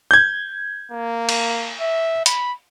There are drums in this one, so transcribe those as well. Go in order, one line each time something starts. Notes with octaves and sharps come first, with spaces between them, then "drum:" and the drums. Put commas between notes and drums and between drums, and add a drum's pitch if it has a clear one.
G6 G#6
A#3
drum: cymbal
E5
B5, drum: hi-hat